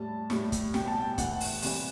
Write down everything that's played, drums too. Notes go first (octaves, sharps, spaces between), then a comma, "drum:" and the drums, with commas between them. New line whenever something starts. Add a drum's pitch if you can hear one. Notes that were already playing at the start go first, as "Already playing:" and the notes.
Already playing: A2 G3 A5
A2 G3, drum: snare
drum: kick, hi-hat
B2 G3 G5, drum: snare
A5
G5
A2 E3 A3 F#5, drum: kick, hi-hat
drum: open hi-hat
C3 E3 G3, drum: open hi-hat